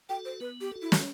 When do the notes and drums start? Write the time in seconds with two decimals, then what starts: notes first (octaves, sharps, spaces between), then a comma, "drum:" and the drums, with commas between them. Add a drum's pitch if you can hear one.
0.09 F#4 A4 G5
0.25 C5
0.40 B3 B4
0.61 G4
0.71 F#4 A4
0.82 E4
0.92 drum: snare